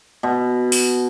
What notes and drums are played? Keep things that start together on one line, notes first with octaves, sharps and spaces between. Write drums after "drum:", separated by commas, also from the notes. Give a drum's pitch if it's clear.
B2
drum: open hi-hat